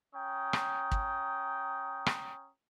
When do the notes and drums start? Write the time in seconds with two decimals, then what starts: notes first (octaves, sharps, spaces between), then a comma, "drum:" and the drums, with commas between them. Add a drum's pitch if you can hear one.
0.15 C#4 G5 A#5 D#6
0.53 drum: rim click
0.91 drum: kick
2.06 drum: rim click